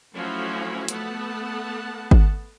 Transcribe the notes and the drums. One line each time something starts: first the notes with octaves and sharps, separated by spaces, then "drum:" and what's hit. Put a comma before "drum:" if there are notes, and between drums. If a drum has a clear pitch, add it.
F3 F#3 A3 C#4 E4 F#4
A3 B3 F#5 A5, drum: hi-hat
drum: kick G#1